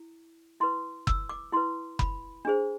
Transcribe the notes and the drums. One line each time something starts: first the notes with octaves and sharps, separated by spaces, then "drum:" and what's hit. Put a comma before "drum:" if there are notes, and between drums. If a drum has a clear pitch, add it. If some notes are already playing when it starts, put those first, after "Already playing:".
Already playing: E4
E4 B4 C6
E6, drum: kick F#1
D6
E4 B4 C6
B5, drum: kick F#1
D4 G#4 C5